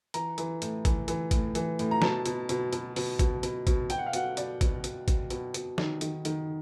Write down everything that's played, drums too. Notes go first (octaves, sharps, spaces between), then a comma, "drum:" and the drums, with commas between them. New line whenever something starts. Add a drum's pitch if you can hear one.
E3 A#5, drum: hi-hat
E3, drum: hi-hat
A2, drum: hi-hat
E3, drum: kick, hi-hat
E3, drum: hi-hat
A2, drum: kick, hi-hat
E3, drum: hi-hat
A2, drum: hi-hat
A#5
B2 A5, drum: snare
B2, drum: hi-hat
B2, drum: hi-hat
B2, drum: hi-hat
B2, drum: open hi-hat
B2, drum: kick, hi-hat
B2, drum: hi-hat
B2, drum: kick, hi-hat
B2 G5, drum: hi-hat
F#5
F5
B2 F#5, drum: hi-hat
B2 D5, drum: hi-hat
B2, drum: kick, hi-hat
B2, drum: hi-hat
B2, drum: kick, hi-hat
B2, drum: hi-hat
B2, drum: hi-hat
D#3, drum: snare
D#3, drum: hi-hat
D#3, drum: hi-hat